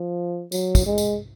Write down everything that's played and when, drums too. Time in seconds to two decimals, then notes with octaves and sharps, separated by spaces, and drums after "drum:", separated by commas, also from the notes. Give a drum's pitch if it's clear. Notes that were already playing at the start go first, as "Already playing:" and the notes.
Already playing: F3
0.52 F#3, drum: tambourine
0.75 drum: kick, tambourine
0.87 G#3
0.98 drum: tambourine